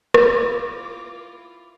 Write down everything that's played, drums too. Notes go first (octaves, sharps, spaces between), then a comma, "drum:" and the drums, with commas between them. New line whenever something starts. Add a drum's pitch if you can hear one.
E4 F4 D6, drum: rim click